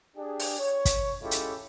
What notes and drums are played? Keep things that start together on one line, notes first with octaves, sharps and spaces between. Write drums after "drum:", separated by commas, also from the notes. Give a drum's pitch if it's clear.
D4 G4 G#4
drum: open hi-hat
C#5
drum: kick, hi-hat
G#3 C#4 E4 F4 G4 A4
drum: hi-hat